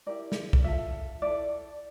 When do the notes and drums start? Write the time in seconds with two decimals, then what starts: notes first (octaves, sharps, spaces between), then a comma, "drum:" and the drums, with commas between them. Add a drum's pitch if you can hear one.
0.06 E4 G4 A#4 D5
0.32 drum: snare
0.53 drum: kick B1
0.64 F4 A4 E5
1.22 E4 A4 D5